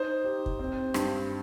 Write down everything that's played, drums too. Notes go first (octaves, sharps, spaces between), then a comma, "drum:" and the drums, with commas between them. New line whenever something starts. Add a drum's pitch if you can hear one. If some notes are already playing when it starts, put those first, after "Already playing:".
Already playing: D#4 C5
G4
drum: kick
C4
G2, drum: rim click